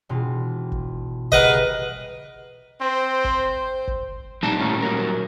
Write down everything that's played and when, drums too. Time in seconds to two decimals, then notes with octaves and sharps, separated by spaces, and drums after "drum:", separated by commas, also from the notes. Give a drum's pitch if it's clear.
0.09 E1 B2 F4
0.72 drum: kick
1.32 G3 G#4 A#4 B4 D#5 F#5, drum: kick
2.81 C4 C5
3.24 drum: kick
3.88 drum: kick
4.43 A#2 G3 D#4 A5
4.60 A2 C#4
4.82 F#3 A#4